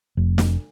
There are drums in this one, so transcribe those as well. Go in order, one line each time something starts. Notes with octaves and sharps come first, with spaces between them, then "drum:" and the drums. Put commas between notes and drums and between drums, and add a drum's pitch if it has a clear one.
F1
drum: snare